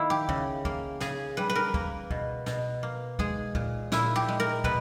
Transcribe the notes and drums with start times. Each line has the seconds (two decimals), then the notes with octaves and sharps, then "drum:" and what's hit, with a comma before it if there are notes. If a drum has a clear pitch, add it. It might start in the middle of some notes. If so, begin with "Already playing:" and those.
Already playing: D#3 A#3 E4
0.10 G4
0.29 C#3, drum: kick
0.65 A#3, drum: kick
1.00 C#3 G#4, drum: snare
1.37 G3 B4
1.50 B4
1.55 A#4
1.74 A#3, drum: kick
2.10 B2, drum: kick
2.46 B2, drum: snare
2.83 A#3
3.19 G#3 G#4, drum: kick
3.55 A#2, drum: kick
3.92 A#2 E4, drum: snare
4.16 G4
4.28 G#3
4.40 A#4
4.64 B2 B4, drum: kick